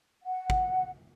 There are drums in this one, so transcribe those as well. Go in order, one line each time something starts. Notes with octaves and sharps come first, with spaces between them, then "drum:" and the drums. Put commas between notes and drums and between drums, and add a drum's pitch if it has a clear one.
F#5
drum: kick